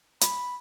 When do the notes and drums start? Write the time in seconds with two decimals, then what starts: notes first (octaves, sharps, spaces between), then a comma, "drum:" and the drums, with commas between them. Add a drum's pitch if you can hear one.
0.21 B5, drum: hi-hat